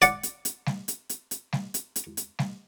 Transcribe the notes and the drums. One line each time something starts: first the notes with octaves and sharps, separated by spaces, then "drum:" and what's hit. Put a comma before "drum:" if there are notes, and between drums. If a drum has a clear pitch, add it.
D5 F#5, drum: hi-hat
drum: hi-hat
drum: hi-hat
drum: snare G3
drum: hi-hat
drum: hi-hat
drum: hi-hat
drum: snare G3
drum: hi-hat
drum: hi-hat
drum: hi-hat
drum: snare G3